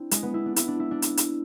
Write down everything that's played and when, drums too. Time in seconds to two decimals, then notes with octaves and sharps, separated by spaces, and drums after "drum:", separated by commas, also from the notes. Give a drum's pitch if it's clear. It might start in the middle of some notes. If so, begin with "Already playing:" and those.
Already playing: C4 D4 E4
0.11 G#3, drum: hi-hat
0.23 B3
0.34 E4
0.46 D4
0.56 E4, drum: hi-hat
0.68 D4
0.80 E4
0.91 D4
1.02 drum: hi-hat
1.17 drum: hi-hat